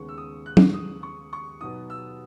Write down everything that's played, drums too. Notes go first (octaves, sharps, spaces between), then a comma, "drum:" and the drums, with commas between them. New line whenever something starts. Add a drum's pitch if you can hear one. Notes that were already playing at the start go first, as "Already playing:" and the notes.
Already playing: D#2 C#3 G#3 B3 C#6
E6
D#6
F#6
drum: tom
D#6
C#6
C#6
B2 F#3 B3 D#4 D#6
E6